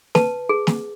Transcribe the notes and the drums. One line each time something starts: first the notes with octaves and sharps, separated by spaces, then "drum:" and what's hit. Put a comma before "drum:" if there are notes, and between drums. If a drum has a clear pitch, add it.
B4 A5, drum: snare
G#4
drum: snare